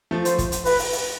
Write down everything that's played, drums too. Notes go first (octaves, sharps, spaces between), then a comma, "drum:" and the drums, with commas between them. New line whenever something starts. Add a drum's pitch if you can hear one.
F3 A3
C5, drum: hi-hat
drum: kick, hi-hat
drum: hi-hat
B4, drum: open hi-hat
drum: open hi-hat
drum: open hi-hat